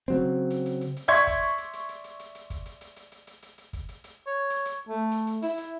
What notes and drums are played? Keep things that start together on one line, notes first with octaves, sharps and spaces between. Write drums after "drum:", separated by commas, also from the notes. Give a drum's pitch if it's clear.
C#3 F#3 C4
drum: hi-hat
drum: hi-hat
drum: hi-hat
drum: hi-hat
D5 E5 C6 C#6 G#6
drum: kick, hi-hat
drum: hi-hat
drum: hi-hat
drum: hi-hat
drum: hi-hat
drum: hi-hat
drum: hi-hat
drum: hi-hat
drum: kick, hi-hat
drum: hi-hat
drum: hi-hat
drum: hi-hat
drum: hi-hat
drum: hi-hat
drum: hi-hat
drum: hi-hat
drum: kick, hi-hat
drum: hi-hat
drum: hi-hat
C#5
drum: hi-hat
drum: hi-hat
A3
drum: hi-hat
drum: hi-hat
E4, drum: hi-hat
drum: hi-hat